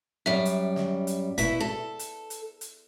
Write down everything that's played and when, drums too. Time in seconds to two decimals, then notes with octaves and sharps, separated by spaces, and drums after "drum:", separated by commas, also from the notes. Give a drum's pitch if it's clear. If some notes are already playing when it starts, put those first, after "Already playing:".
0.26 F#2 G3 E5
0.45 drum: hi-hat
0.76 drum: snare
1.07 drum: hi-hat
1.38 B2 E4 B6, drum: kick, hi-hat
1.60 A4
1.99 drum: hi-hat
2.30 drum: hi-hat
2.61 drum: hi-hat